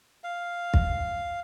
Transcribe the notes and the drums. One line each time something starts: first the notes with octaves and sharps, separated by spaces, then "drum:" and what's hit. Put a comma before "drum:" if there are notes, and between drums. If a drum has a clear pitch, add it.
F5
drum: kick